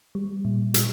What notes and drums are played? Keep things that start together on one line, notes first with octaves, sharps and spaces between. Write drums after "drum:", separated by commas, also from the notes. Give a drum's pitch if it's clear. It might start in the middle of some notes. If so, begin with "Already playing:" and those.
G3
A#2
G3, drum: hi-hat